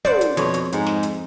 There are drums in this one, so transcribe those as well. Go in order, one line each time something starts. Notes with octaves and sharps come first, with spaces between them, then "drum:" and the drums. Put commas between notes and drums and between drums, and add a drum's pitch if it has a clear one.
C5 D5 F#5, drum: tom
drum: hi-hat
F2 B2 C#5, drum: hi-hat
drum: hi-hat
G#2 G#3, drum: hi-hat
drum: snare
drum: hi-hat